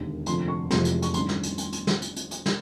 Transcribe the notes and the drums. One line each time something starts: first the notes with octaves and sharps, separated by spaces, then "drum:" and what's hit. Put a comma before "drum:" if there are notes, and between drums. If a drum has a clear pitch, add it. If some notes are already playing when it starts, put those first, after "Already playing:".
Already playing: E1 D#2 D3
F1 F2 D3 C6, drum: hi-hat
C#6
F1 F2 C3 E3 G#3 C6, drum: snare
drum: hi-hat
C#6, drum: hi-hat
A1 G2 D#3 C6, drum: hi-hat
drum: snare
drum: hi-hat
drum: hi-hat
drum: hi-hat
drum: snare
drum: hi-hat
drum: hi-hat
drum: hi-hat
drum: snare